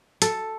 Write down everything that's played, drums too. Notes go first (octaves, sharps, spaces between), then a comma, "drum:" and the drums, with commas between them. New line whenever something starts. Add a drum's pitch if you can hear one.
A4, drum: hi-hat